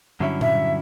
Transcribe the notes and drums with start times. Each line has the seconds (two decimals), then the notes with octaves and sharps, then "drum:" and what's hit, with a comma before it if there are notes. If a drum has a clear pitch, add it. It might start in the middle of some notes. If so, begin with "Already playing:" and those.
0.20 G2 D3 F#3 C#4 E4 E5
0.41 E5, drum: tom A#2